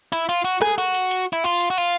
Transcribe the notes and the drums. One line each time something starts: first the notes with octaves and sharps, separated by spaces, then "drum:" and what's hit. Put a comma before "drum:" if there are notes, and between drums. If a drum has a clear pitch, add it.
E4, drum: hi-hat
F4, drum: hi-hat
F#4, drum: hi-hat
G#4, drum: rim click
F#4, drum: hi-hat
drum: hi-hat
drum: hi-hat
E4
F4, drum: hi-hat
drum: hi-hat
F#4
F4, drum: hi-hat